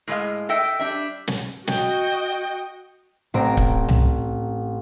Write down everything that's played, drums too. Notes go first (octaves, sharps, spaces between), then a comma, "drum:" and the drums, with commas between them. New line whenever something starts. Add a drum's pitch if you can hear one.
A2 G#3 D#5 F5
A4 D#5 E5 G5
G3 D4 E5
drum: snare
F#4 D#5 G5, drum: snare
A1 C4 A#5 D7
drum: kick C#1
drum: tom C2